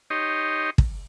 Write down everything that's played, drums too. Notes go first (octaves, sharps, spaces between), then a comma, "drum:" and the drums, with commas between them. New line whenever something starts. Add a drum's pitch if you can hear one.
D#4 G4 C#5 D#5 C6
drum: kick